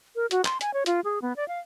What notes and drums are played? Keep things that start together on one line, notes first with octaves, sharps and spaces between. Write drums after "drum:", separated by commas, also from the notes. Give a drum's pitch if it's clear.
A#4
F#4, drum: hi-hat
C6, drum: clap
G#5, drum: hi-hat
C#5
F4, drum: hi-hat
G#4
B3
D5
F5